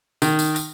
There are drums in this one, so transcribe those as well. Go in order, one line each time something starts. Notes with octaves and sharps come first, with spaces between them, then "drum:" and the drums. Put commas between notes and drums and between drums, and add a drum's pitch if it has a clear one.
D#3, drum: tambourine
drum: tambourine
drum: tambourine